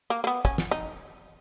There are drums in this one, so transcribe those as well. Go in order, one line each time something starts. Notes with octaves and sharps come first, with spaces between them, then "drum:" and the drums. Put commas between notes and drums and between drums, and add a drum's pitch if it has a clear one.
A#3
A#3
B3
C#4, drum: kick
drum: snare
D#4